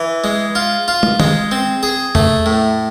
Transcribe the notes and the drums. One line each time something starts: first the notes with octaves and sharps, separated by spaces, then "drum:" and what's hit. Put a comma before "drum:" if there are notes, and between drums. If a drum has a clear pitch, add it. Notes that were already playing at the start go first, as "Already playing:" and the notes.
Already playing: E3
G#3
F4
F4
drum: tom
G#3, drum: tom D#3
C4
G#4
A3, drum: tom E2
A2